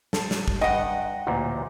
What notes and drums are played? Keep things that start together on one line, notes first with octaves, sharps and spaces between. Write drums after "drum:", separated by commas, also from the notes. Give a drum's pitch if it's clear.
A4, drum: snare
drum: snare
drum: kick
G2 B4 D#5 F#5 G5
A1 D2 A#2